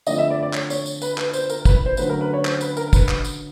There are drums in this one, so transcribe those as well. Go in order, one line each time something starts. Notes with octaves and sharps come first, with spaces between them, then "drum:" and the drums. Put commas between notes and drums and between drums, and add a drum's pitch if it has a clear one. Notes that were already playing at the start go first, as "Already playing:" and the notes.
D3 F3 A3 C4 D#5, drum: tambourine
E5
D5
D5
C#5, drum: clap
C#5, drum: tambourine
drum: tambourine
B4, drum: tambourine
B4, drum: clap
C5, drum: tambourine
A#4, drum: tambourine
B4, drum: kick, tambourine
C5
D3 F#3 A3 C#4 B4, drum: tambourine
A#4
B4
C#5
C5, drum: clap
B4, drum: tambourine
A#4, drum: tambourine
B4, drum: kick, tambourine
drum: clap
drum: tambourine